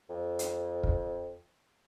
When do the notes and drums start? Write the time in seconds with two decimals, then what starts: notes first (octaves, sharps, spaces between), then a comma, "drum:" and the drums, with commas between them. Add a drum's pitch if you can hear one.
0.10 F2
0.39 drum: hi-hat
0.83 drum: kick